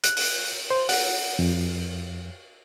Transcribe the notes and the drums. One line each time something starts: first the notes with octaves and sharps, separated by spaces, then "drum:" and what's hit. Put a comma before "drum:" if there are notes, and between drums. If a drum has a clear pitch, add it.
F#6, drum: hi-hat
drum: open hi-hat
C5
F#5, drum: open hi-hat
F2